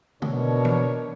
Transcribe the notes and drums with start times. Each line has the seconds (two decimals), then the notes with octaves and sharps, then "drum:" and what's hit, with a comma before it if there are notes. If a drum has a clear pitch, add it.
0.22 B2 D4 A#4 C#5, drum: tom
0.65 drum: tom